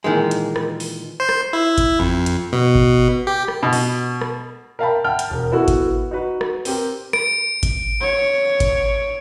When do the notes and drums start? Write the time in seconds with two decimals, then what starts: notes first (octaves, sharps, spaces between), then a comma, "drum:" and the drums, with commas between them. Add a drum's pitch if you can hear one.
0.04 A#2 D#3 E3 G#3
0.31 drum: hi-hat
0.56 drum: rim click
0.80 drum: open hi-hat
1.20 C5
1.29 drum: rim click
1.53 E4
1.78 drum: kick G#1, hi-hat
2.00 F2
2.26 drum: hi-hat
2.53 B2
2.75 drum: kick G#1
3.27 G4
3.48 drum: rim click
3.63 B2
3.73 drum: open hi-hat
4.21 drum: rim click
4.79 A#4 E5 F5 G5 A5 B5
5.04 E5 F#5 G5 A5 F6
5.19 drum: hi-hat
5.30 E1 A#4
5.52 B3 E4 F#4 A4
5.68 drum: kick G#1, hi-hat
6.11 D#4 F#4 B4
6.41 drum: rim click
6.65 C4 G4 A#4, drum: open hi-hat
7.13 D7, drum: rim click
7.63 drum: kick G#1, hi-hat
8.01 C#5
8.60 drum: kick G#1, hi-hat